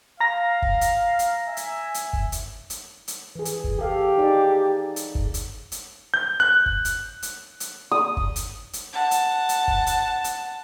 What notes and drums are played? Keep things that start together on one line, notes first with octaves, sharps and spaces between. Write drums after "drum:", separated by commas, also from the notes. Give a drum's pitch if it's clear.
F5 A#5 A#6
drum: kick
drum: hi-hat
drum: hi-hat
E5 G#5
drum: hi-hat
drum: hi-hat
drum: kick
drum: hi-hat
drum: hi-hat
drum: hi-hat
E3 G#4
drum: hi-hat
drum: kick
G4 A4 F5
D#4 G#4 D5
drum: hi-hat
drum: kick
drum: hi-hat
drum: hi-hat
G6
F#6
drum: kick
drum: hi-hat
drum: hi-hat
drum: hi-hat
D#6
drum: kick
drum: hi-hat
drum: hi-hat
F#5 A5
drum: hi-hat
drum: hi-hat
drum: kick
drum: hi-hat
drum: hi-hat